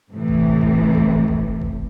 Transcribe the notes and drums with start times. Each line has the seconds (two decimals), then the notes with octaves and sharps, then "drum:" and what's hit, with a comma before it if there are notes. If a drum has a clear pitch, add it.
0.11 A2 C3 E3
0.28 drum: kick F1
0.61 drum: kick F1
0.95 drum: kick F1
1.28 drum: kick F1
1.61 drum: kick F1